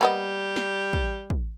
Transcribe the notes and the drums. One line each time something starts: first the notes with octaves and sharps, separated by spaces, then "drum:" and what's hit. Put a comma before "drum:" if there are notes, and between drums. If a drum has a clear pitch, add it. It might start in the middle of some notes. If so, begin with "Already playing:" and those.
G3 A#3 B3 D#5
drum: snare
drum: kick
drum: kick